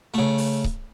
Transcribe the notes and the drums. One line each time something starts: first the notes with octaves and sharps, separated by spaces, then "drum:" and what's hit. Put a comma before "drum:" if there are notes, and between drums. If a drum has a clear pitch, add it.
C#3 A3
drum: open hi-hat
drum: kick C#1